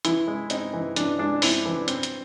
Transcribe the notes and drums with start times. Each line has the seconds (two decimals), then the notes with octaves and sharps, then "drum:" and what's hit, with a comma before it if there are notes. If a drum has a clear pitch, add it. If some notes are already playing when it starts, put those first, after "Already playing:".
0.05 E3 E4, drum: hi-hat
0.27 G#3
0.50 C4 D#4, drum: hi-hat
0.73 E3
0.96 E3 D4, drum: hi-hat
1.19 G#3 D4
1.42 C4 E4, drum: open hi-hat
1.66 E3
1.88 C4, drum: hi-hat
2.03 drum: hi-hat